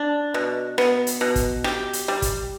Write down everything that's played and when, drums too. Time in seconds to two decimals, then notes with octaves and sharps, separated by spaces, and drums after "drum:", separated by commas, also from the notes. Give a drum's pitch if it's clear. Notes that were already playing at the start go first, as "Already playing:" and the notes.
Already playing: D4
0.34 B2
0.78 B3, drum: rim click
1.07 drum: hi-hat
1.21 B2
1.36 drum: kick, hi-hat
1.64 G4, drum: rim click
1.93 drum: hi-hat
2.08 G3
2.22 drum: kick, hi-hat